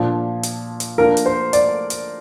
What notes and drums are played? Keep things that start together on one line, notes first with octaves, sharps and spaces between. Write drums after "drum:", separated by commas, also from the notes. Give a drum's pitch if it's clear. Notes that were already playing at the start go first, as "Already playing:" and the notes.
Already playing: A#2 F3 D4
drum: hi-hat
drum: hi-hat
F3 A#3 D4 A#4
drum: hi-hat
C5
D5, drum: hi-hat
drum: hi-hat